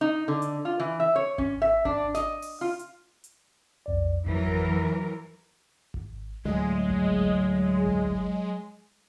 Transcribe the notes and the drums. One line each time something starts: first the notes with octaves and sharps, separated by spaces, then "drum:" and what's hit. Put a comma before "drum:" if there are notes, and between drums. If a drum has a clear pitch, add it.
D#4
D3
drum: hi-hat
F4
E3
E5
C#5
C#4, drum: kick G#1
E5
D4, drum: kick G#1
D#5, drum: snare
drum: open hi-hat
F4
drum: hi-hat
drum: hi-hat
B1 F2 D5
F2 E3 F#3 A#4, drum: kick G#1
drum: kick G#1
D2 A2 F#3 G#3
drum: kick G#1
drum: kick G#1